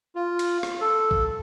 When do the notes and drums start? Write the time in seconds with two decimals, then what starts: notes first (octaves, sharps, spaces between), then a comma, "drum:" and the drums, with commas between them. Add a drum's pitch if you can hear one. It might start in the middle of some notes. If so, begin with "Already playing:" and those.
0.15 F4
0.39 drum: cymbal
0.63 drum: rim click
0.81 A4
1.11 drum: kick A1